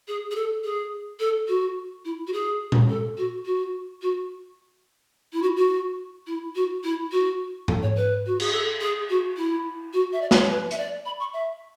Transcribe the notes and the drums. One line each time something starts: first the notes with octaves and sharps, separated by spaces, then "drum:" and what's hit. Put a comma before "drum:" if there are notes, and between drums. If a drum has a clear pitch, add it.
G#4
G#4
A4
G#4
A4
F#4
E4
F#4
G#4
drum: tom A#2
A4
F#4
F#4
F#4
E4
F#4
F#4
E4
F#4
E4
F#4
A4, drum: tom G#2
C#5
B4
F#4
G#4, drum: cymbal
A4
G#4
F#4
E4
F#4
E5
D5
C#5, drum: snare
B4
E5, drum: hi-hat
D5
B5
C#6
E5